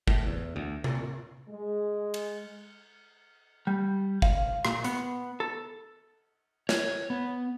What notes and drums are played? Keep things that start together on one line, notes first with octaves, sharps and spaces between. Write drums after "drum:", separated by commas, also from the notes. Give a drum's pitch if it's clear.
A2, drum: kick
E2
D2
A#2, drum: tom C3
G#3
drum: cymbal
G3
F5, drum: kick
A#2, drum: rim click
B3, drum: hi-hat
A4
C#5, drum: snare
B3